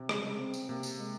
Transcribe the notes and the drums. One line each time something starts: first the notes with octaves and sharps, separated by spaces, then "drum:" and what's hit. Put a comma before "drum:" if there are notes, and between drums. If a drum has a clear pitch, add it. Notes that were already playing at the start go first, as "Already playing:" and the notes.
Already playing: C3
C#3 G#3, drum: rim click
G3
G#3
C4
drum: tambourine
C3 A#3
drum: tambourine
G#3